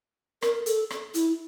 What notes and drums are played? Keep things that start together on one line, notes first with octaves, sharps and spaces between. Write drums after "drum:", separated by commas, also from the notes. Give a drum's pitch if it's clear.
A#4, drum: rim click
A4, drum: hi-hat
drum: rim click
E4, drum: hi-hat